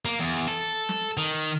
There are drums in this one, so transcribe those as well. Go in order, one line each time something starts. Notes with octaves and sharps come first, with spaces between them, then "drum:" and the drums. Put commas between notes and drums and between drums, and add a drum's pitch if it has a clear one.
A#3, drum: hi-hat
E2
A4, drum: hi-hat
drum: snare
D#3